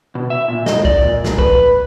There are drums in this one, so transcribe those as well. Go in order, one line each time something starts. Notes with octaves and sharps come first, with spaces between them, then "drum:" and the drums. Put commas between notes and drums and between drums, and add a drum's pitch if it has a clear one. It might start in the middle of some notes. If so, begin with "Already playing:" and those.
B2
E5
A#2
D#5, drum: snare
D5, drum: kick C2
A#2
drum: snare
B4, drum: kick C2